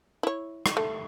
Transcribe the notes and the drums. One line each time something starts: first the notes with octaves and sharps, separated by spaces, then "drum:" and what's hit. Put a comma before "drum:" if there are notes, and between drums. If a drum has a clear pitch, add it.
E4 C#5
drum: rim click
A3